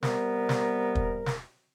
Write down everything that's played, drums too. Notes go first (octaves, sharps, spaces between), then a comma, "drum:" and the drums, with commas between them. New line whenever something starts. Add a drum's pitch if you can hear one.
C3 G3 B3 A#4, drum: snare
drum: snare
drum: kick
drum: snare